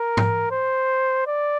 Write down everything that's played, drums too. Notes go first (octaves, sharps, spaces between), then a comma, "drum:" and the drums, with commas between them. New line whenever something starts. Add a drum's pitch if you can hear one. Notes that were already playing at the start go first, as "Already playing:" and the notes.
Already playing: A#4
drum: tom G#2
C5
D5